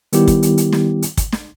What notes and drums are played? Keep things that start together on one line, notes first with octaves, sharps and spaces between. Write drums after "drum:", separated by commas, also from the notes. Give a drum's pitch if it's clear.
D#3 G3 B3 E4 G4, drum: hi-hat
drum: kick, hi-hat
drum: hi-hat
drum: hi-hat
drum: snare
drum: hi-hat
drum: kick, hi-hat
drum: snare